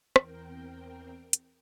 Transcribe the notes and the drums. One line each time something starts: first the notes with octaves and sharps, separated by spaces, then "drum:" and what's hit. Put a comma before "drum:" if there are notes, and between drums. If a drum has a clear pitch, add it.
E2 C4 A#4 G5, drum: rim click
drum: hi-hat